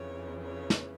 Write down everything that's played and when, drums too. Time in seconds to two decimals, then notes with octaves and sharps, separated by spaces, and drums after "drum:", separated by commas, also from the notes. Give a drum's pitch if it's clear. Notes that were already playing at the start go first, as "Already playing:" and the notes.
Already playing: F2 C#3 E3 C#5
0.41 C#5
0.70 drum: snare